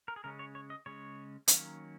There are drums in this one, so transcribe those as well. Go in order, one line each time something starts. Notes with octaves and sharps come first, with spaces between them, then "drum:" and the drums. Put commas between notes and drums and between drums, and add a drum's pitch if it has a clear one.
A#4
G#4
C#3 G#3 C#4 A#4
C#5
C#5
D#5
C#3 G#3 C#4 C#5
D#3 F#3 A#3 C#4, drum: hi-hat